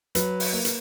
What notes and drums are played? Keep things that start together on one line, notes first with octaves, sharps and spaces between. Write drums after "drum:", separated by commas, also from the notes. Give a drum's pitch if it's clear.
F#3 B4, drum: hi-hat
drum: open hi-hat
A#3 B4
drum: hi-hat